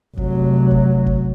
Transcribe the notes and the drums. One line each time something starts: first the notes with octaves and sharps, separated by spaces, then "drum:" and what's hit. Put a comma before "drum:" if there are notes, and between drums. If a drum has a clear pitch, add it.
F1 F#3, drum: kick
drum: kick
drum: kick